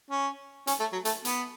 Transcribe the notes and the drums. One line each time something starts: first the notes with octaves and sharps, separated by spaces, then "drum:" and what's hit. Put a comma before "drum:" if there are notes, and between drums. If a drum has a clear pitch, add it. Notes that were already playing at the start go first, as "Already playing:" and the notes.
C#4
C#4, drum: hi-hat
A3
F#3
A3, drum: hi-hat
B3, drum: hi-hat